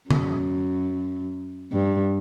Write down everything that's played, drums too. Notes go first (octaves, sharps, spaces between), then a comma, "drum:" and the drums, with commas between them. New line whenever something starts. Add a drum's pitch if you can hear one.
F#2, drum: tom D3
G2